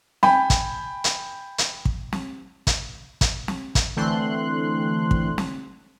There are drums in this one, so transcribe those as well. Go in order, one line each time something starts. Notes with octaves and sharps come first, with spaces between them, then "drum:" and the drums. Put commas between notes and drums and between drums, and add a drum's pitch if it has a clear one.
G5 G#5 B5, drum: snare
drum: kick, hi-hat
drum: hi-hat
drum: hi-hat
drum: kick
drum: snare
drum: kick, hi-hat
drum: kick, hi-hat
drum: snare
drum: kick, hi-hat
D3 E3 A3 C4 C6 F#6
drum: kick
drum: snare